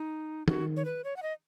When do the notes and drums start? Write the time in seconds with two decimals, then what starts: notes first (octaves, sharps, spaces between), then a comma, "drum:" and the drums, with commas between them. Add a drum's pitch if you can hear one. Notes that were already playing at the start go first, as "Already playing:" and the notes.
Already playing: D#4
0.48 D#3 F#4, drum: tom D#3
0.77 C#5
0.85 B4
1.04 C#5
1.17 F#5
1.23 D#5